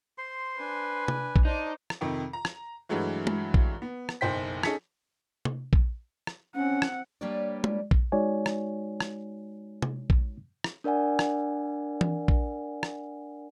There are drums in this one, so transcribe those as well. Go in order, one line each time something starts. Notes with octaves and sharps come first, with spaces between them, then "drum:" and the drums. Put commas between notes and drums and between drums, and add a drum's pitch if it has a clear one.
C5 C6
D4 B4 G#5
drum: tom C3
drum: kick A#1
D4 D#4 C5 D5
drum: rim click
F2 C3 D#3
A#5
drum: rim click
G2 E3 F#3 G#3 A3
drum: tom G#3
drum: kick A#1
B3
drum: rim click
F#1 B1 C5 G5 B6
C#4 D#4 G#4 A4 B6 C#7, drum: rim click
drum: tom C3
drum: kick A#1
drum: rim click
C4 C#4 F#5
drum: rim click
G3 A#3 D4 B4 C#5 D5
drum: tom G#3
drum: kick A#1
G#3 D#4 F#4 C#5 D5 G#5
drum: rim click
drum: rim click
drum: tom C3
drum: kick A#1
drum: rim click
D4 A#4 D5 F#5 G#5
drum: rim click
drum: tom E3
drum: kick A#1
drum: rim click